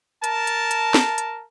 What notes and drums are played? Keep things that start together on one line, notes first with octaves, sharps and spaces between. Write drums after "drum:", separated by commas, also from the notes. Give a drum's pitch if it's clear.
A#4 A5, drum: hi-hat
drum: hi-hat
drum: hi-hat
drum: snare
drum: hi-hat